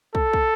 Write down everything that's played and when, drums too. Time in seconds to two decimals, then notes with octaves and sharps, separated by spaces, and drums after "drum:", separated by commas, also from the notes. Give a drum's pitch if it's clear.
0.15 A4, drum: kick
0.33 drum: kick